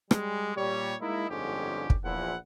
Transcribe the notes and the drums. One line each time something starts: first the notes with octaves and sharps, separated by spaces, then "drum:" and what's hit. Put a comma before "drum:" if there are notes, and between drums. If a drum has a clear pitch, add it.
G3 G#3, drum: rim click
A#2 G3 C#5
G#3 A#3 D#4 E4
G1 F2 G#2 D3 C#4 G4
drum: kick
A#1 E2 A#2 F3 E4 F#5